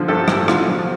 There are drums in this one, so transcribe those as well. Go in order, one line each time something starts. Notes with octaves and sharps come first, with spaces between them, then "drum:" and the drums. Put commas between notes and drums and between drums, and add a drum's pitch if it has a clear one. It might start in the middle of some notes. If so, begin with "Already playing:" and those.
Already playing: D3 F3
G2 A4
A1, drum: rim click
D3 F4, drum: rim click
F3